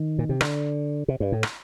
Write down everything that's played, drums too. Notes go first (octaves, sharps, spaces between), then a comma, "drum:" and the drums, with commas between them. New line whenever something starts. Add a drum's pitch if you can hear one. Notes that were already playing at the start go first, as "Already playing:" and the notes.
Already playing: D#3
A#2
C3
D3, drum: rim click
C3
G2
A2
drum: rim click